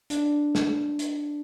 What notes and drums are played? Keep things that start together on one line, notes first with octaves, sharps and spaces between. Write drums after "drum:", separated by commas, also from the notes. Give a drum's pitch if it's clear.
D4, drum: hi-hat
drum: snare
drum: hi-hat